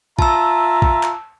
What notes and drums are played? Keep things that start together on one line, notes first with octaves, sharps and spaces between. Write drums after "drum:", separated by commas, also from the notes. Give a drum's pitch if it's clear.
F4 E5 A5 A#5 E6, drum: kick A#1
drum: kick A#1
drum: clap